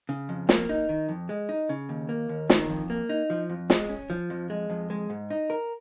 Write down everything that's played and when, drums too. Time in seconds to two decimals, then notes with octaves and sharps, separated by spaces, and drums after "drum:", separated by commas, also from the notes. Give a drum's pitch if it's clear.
0.09 C#3
0.29 F2
0.49 A#3, drum: snare
0.69 D#4
0.89 D#3
1.09 F2
1.29 G#3
1.49 D#4
1.69 C#3
1.89 D#2
2.09 A#3
2.29 D#2
2.50 D#3, drum: snare
2.70 F2
2.90 A#3
3.09 D#4
3.30 F3
3.49 F2
3.70 G#3, drum: snare
3.89 C#4
4.10 F3
4.30 F2
4.50 G#3
4.70 F2
4.90 G#3
5.10 G#2
5.30 D#4
5.50 A#4